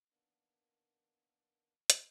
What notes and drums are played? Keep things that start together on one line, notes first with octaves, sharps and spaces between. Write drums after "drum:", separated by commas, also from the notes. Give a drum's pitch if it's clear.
D#3 A#3 B3 D4
drum: hi-hat